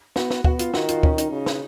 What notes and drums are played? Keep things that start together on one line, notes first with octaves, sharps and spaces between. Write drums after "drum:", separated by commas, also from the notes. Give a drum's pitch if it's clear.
B3 F#4, drum: snare
drum: snare
B3 F#4, drum: kick
F4, drum: hi-hat
D#3 F#4, drum: snare
F4, drum: hi-hat
C#4, drum: kick
D#4, drum: hi-hat
C#3
drum: snare